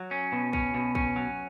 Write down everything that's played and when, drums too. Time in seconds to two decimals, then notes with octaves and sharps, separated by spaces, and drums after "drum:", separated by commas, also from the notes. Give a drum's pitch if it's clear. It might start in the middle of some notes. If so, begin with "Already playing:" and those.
Already playing: F#3
0.11 C#4
0.32 B2
0.53 C#4, drum: kick
0.74 B2
0.95 C#4, drum: kick
1.16 F#3